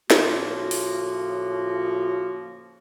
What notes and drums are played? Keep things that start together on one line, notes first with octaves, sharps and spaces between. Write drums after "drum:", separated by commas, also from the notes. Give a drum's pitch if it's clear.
A2 C#3 F3 A#3 F4 F#4, drum: snare
drum: open hi-hat